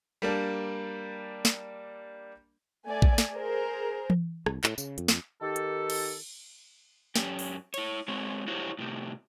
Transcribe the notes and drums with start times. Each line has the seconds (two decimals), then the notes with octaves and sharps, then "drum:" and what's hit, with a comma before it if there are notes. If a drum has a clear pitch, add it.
0.22 G3 A#3 D4
1.45 drum: snare
2.85 A3 D5 G#5
3.02 drum: kick A#1
3.18 drum: snare
3.33 G#4 A#4 C5
4.10 drum: tom E3
4.46 C2, drum: rim click
4.64 A2, drum: clap
4.78 C#3, drum: tambourine
4.98 F2, drum: hi-hat
5.08 drum: snare
5.41 D#3 G4 A4
5.56 drum: hi-hat
5.90 drum: cymbal
7.16 F#2 C#4 G4, drum: snare
7.39 drum: open hi-hat
7.74 E4 C#5, drum: cymbal
8.08 G#3 C4 F#4 C#5
8.48 E4 F#4 G4 C5 C#5 F5
8.79 A2 C3 G4